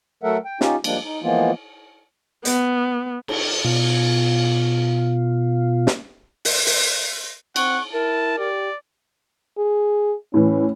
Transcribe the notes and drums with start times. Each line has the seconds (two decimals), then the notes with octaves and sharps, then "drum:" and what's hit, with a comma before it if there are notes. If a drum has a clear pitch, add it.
0.23 F#3 A3 A4 A#4 E5 F#5
0.45 G5
0.61 C#4 D#4 F4 G4, drum: snare
0.84 F3 G3 G#3 A#3 D4, drum: cymbal
1.04 D#4
1.23 E3 F3 G#3 A#3 B3 F4
2.45 B3, drum: hi-hat
3.28 drum: cymbal
3.65 B2 F4
5.87 drum: snare
6.45 drum: open hi-hat
6.67 drum: open hi-hat
7.56 C4 F#5 C#6, drum: cymbal
7.93 E4 A#4 A5
8.38 G4 D5
9.58 G#4
10.34 A2 E3 C#4